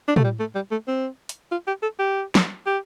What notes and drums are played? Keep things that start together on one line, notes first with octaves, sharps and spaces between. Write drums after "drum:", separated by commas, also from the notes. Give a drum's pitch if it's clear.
D4
A3, drum: tom
G3
A3
G3
A3
C4
drum: hi-hat
F4
G4
A4
G4
drum: snare
G4